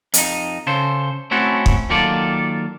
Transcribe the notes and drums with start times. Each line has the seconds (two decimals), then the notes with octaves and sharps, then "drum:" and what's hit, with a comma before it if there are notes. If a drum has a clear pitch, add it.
0.14 F2 D#4, drum: hi-hat
0.67 C#3 A4 C5
1.31 A3 C4 C#4 E4 F#4 A4
1.66 drum: kick
1.90 D#3 F#3 A#3 F4 A4 D5